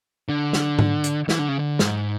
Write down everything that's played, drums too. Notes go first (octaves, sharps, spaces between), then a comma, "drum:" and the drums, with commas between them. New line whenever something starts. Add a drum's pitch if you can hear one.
D3
drum: snare
drum: tom G#2
drum: hi-hat
E3, drum: snare
D3
C#3
D3
G#2, drum: snare